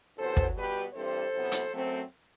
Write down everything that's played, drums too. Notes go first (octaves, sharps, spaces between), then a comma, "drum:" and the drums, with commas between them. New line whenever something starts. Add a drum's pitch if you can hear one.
E2 C3 F#3 B3 A4 C5
drum: kick
B2 G3 B3 G4 B4
G2 E3 G3 C4 A4 C5
E2 C3 F#3 B3
drum: hi-hat
F#2 F#3 A3 C4